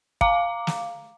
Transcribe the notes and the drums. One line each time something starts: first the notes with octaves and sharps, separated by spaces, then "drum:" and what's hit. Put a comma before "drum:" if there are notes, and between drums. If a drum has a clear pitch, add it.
F5 A#5 D6, drum: kick
drum: snare